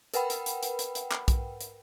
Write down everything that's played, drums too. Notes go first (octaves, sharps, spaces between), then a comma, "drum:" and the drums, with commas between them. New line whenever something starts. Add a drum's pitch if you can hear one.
A#4 B4 F#5 G5 B5, drum: hi-hat
drum: hi-hat
drum: hi-hat
drum: hi-hat
drum: hi-hat
drum: hi-hat
drum: clap
drum: kick B1, hi-hat
drum: hi-hat